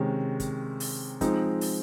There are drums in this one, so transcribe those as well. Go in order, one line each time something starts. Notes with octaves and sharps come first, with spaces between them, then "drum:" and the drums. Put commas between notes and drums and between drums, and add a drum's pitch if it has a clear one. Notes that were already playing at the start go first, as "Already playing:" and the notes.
Already playing: C3 D#3 G#3 C#4
drum: kick, hi-hat
drum: open hi-hat
F3 G#3 C4 D#4, drum: kick, hi-hat
drum: open hi-hat